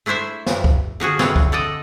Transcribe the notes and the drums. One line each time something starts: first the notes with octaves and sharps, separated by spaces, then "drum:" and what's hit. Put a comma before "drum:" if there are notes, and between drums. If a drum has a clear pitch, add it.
A3 D4 E4 C5 E5
drum: snare
drum: kick
D3 F3 F#4 G#4
D3 E3 F3 C4 F4 C#5, drum: snare
drum: kick
D3 A4 D5 D#5